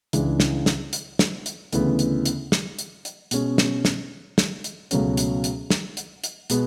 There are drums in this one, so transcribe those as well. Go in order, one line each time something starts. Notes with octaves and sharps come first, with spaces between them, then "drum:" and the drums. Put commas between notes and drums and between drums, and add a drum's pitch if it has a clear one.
C#2 C#3 E3 G#3 D4, drum: hi-hat
drum: snare
drum: snare
drum: hi-hat
drum: snare
drum: hi-hat
D2 C#3 E3 B3, drum: hi-hat
drum: hi-hat
drum: hi-hat
drum: snare
drum: hi-hat
drum: hi-hat
B2 G#3 C#4, drum: hi-hat
drum: snare
drum: snare
drum: snare
drum: hi-hat
C#2 B2 F#3 A3 C#4, drum: hi-hat
drum: hi-hat
drum: hi-hat
drum: snare
drum: hi-hat
drum: hi-hat
B2 G#3 B3, drum: hi-hat